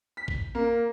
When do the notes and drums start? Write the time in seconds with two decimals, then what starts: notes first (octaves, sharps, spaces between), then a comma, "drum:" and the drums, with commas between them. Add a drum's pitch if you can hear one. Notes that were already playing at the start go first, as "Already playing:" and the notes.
0.17 B6
0.28 drum: kick
0.55 A#3